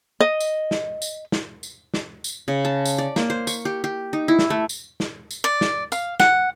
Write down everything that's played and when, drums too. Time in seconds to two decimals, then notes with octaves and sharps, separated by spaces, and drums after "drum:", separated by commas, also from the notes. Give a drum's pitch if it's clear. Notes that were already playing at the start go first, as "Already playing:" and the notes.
0.20 D#5
0.40 drum: tambourine
0.71 drum: snare
1.02 drum: tambourine
1.32 drum: snare
1.63 drum: tambourine
1.94 drum: snare
2.24 drum: tambourine
2.48 C#3
2.65 A5
2.86 drum: tambourine
2.98 D5
3.16 A#3, drum: snare
3.30 C5
3.47 C#6, drum: tambourine
3.65 G4
3.84 G4
4.13 D#4
4.28 E4
4.39 drum: snare
4.50 A3
4.69 drum: tambourine
5.00 drum: snare
5.31 drum: tambourine
5.44 D5
5.61 drum: snare
5.92 F5, drum: tambourine
6.20 F#5, drum: snare